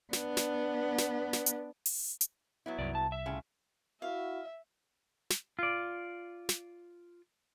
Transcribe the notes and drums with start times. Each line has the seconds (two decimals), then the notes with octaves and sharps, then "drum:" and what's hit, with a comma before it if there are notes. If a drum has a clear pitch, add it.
0.13 B3 D4, drum: snare
0.37 drum: snare
0.98 drum: snare
1.33 drum: snare
1.46 drum: hi-hat
1.86 drum: open hi-hat
2.21 drum: hi-hat
2.66 F#3 B3 E4
2.79 C2 F#2 D5
2.95 A5
3.12 E5
3.26 A2 C#3 F4
4.02 E4 F#4 E5 F5
5.30 drum: snare
5.59 F4 D5
6.49 drum: snare